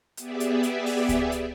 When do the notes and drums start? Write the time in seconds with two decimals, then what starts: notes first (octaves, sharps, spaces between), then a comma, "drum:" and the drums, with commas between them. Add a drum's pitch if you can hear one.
0.17 B3 G4 G#4 D5 E5, drum: hi-hat
0.40 drum: hi-hat
0.63 drum: hi-hat
0.86 drum: open hi-hat
1.09 drum: kick C#2, hi-hat
1.32 drum: hi-hat